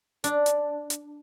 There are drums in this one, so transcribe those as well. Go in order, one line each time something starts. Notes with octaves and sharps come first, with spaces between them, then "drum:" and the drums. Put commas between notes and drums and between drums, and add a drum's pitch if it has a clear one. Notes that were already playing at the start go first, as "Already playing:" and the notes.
D4, drum: hi-hat
drum: hi-hat
drum: hi-hat